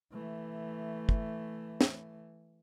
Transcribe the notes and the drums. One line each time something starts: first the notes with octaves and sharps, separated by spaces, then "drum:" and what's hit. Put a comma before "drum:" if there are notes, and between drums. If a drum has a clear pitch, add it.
E3 A3
drum: kick
drum: snare